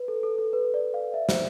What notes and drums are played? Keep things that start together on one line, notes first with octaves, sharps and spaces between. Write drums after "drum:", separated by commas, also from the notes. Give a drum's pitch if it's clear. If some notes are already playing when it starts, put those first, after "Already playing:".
Already playing: B4
A4
A4
A4
B4
D5
F5
E5
C5, drum: snare